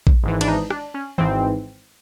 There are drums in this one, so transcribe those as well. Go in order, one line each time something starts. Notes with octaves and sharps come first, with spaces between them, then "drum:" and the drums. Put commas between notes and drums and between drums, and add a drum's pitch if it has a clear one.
drum: kick A#1
G#1 G#2 E3
D4, drum: cymbal
D#4
D4, drum: rim click
C#4
G#1 G#2 E3 C4, drum: tom D#3